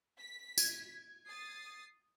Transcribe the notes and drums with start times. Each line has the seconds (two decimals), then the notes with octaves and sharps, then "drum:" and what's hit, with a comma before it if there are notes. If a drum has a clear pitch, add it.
0.19 B6
0.58 G#6, drum: tambourine
1.26 D#6 A6 C7